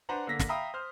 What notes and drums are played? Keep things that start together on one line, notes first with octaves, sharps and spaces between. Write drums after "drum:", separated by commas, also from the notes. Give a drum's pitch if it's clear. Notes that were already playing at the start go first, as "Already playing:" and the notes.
D4 B4 C5 F#5 A#5
D3 A#3 A#6 B6
drum: snare
E5 F5 G5 A#5 B5 D#6
C5 F6